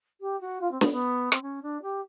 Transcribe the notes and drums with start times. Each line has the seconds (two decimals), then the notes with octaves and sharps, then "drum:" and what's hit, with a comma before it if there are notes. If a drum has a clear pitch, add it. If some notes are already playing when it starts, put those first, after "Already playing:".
0.21 G4
0.41 F#4
0.61 F4
0.71 C4
0.81 B3, drum: snare
0.91 B3
1.32 C4, drum: rim click
1.41 C#4
1.62 D4
1.82 G4